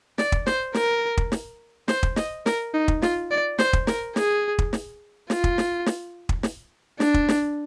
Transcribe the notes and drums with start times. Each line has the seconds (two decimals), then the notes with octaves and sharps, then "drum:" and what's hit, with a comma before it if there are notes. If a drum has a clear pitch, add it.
0.18 D5, drum: snare
0.32 drum: kick
0.47 C5, drum: snare
0.74 A#4, drum: snare
1.17 drum: kick
1.32 drum: snare
1.88 C5, drum: snare
2.03 drum: kick
2.16 D#5, drum: snare
2.46 A#4, drum: snare
2.74 D#4
2.88 drum: kick
3.02 F4, drum: snare
3.31 D5
3.59 C5, drum: snare
3.73 drum: kick
3.87 A#4, drum: snare
4.16 G#4, drum: snare
4.59 drum: kick
4.73 drum: snare
5.30 F4, drum: snare
5.44 drum: kick
5.58 drum: snare
5.86 drum: snare
6.29 drum: kick
6.43 drum: snare
7.00 D4, drum: snare
7.14 drum: kick
7.29 drum: snare